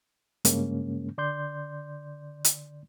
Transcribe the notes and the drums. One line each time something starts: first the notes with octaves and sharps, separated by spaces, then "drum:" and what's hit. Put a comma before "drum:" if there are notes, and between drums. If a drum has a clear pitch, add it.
G2 C#3 G#3 A#3 C#4, drum: hi-hat
D3 D5 C6 G6
drum: hi-hat